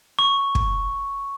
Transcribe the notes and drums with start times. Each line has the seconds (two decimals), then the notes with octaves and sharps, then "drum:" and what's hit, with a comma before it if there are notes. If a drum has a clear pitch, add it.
0.19 C#6
0.55 drum: kick